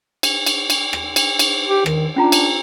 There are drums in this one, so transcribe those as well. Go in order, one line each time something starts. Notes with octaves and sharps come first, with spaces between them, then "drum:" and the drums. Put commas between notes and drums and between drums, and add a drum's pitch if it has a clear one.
drum: cymbal
drum: cymbal
drum: cymbal
drum: rim click
drum: cymbal
drum: cymbal
G4
D#3, drum: rim click
C#4 D4 F4 A#5
drum: cymbal